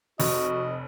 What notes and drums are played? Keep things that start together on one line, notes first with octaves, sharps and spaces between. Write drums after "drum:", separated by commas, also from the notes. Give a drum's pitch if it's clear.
F1 F#4 D#5, drum: open hi-hat